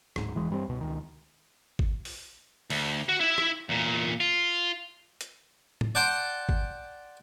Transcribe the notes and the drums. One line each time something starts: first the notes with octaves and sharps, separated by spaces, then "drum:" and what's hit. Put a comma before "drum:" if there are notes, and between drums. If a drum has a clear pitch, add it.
D1 G#2, drum: rim click
E1 E3 G#3
G2 G3 C4
C#2 B2
C#2 D#3
drum: kick G#1
drum: open hi-hat
D2, drum: cymbal
F#4
E4 E5
drum: rim click
E2 A#2
F4
drum: hi-hat
drum: tom
D5 F#5 G5 A5 C6 D6
drum: kick G#1